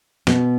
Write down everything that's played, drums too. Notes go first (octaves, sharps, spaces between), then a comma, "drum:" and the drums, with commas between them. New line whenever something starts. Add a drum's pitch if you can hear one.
B2 B3, drum: snare